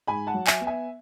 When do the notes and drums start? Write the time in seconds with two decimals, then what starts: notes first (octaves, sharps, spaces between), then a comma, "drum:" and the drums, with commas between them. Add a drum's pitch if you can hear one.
0.07 G#2 G#5 B5
0.27 F#5 A5
0.34 F#3
0.47 E5 G#5, drum: clap
0.61 B3
0.67 E5 G#5